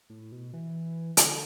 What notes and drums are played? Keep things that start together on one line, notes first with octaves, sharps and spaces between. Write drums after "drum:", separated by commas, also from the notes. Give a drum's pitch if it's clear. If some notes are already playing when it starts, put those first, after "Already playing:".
A2
B2
E3
D3, drum: hi-hat